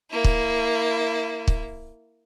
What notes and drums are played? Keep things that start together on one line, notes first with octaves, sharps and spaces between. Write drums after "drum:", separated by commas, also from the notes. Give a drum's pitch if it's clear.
A#3 E4
drum: kick
drum: kick